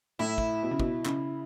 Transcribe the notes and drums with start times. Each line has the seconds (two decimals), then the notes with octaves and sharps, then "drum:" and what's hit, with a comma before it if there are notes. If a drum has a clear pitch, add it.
0.19 A2 E4
0.38 drum: kick
0.63 B2
0.71 C#3
0.80 B2, drum: kick
1.05 C#3, drum: clap